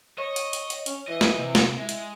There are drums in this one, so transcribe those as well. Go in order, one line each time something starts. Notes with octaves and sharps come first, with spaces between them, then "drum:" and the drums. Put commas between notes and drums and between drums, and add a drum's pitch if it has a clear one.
C#5 D#5
drum: hi-hat
drum: hi-hat
drum: hi-hat
C#4, drum: hi-hat
E3 D#5
drum: snare
C3
drum: snare
G#3 E4
drum: hi-hat